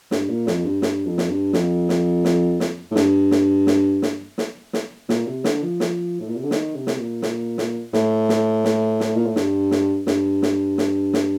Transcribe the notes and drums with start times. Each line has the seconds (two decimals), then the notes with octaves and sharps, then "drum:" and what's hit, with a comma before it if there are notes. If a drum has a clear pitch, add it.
0.11 G2, drum: snare
0.29 A#2
0.47 F2, drum: snare
0.64 G2
0.82 G2, drum: snare
1.06 F2
1.18 drum: snare
1.29 G2
1.53 F2, drum: snare
1.89 drum: snare
2.24 drum: snare
2.60 drum: snare
2.91 A2
2.96 G2, drum: snare
3.31 drum: snare
3.67 drum: snare
4.02 drum: snare
4.38 drum: snare
4.73 drum: snare
5.09 A#2, drum: snare
5.27 C3
5.44 D3, drum: snare
5.62 F3
5.80 drum: snare
6.20 A2
6.28 A#2
6.36 C3
6.44 D3
6.51 D#3, drum: snare
6.75 C3
6.87 drum: snare
6.99 A#2
7.22 drum: snare
7.58 drum: snare
7.93 A2, drum: snare
8.29 drum: snare
8.65 drum: snare
9.00 drum: snare
9.16 A#2
9.26 A2
9.36 G2, drum: snare
9.71 drum: snare
10.07 G2, drum: snare
10.42 drum: snare
10.78 drum: snare
11.13 drum: snare